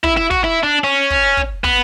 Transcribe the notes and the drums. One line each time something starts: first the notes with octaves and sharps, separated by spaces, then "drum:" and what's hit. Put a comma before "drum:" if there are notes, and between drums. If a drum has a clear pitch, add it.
E4, drum: kick
E4
F#4, drum: kick
E4
D4
C#4
drum: kick
drum: kick
B3, drum: kick